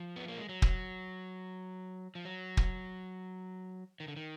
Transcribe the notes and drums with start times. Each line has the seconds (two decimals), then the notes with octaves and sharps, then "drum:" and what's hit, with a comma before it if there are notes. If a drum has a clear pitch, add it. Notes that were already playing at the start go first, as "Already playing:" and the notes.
Already playing: F3
0.16 B3
0.28 A#3
0.38 G#3
0.49 F#3
0.62 drum: kick
2.15 F3
2.25 F#3
2.57 drum: kick
4.00 D#3
4.08 D3
4.16 D#3